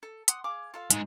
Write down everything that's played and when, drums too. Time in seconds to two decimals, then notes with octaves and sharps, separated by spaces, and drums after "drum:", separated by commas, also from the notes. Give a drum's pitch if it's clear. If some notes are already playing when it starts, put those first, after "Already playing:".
0.03 A4
0.28 F#5 C6 D#6, drum: hi-hat
0.44 G#4 F5 D6
0.74 F4 A4 F5
0.90 G#2 G#3, drum: hi-hat